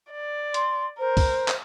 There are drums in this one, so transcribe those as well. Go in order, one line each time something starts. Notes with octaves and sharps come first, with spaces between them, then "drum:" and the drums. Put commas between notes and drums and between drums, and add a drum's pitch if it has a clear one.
D5
C6, drum: hi-hat
A#4 C5
drum: kick, open hi-hat
drum: clap